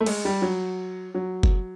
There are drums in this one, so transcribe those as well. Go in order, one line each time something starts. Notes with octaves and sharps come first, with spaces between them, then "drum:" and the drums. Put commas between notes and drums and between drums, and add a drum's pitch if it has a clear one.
A3
G#3, drum: cymbal
G3
F#3
F#3
drum: kick F#1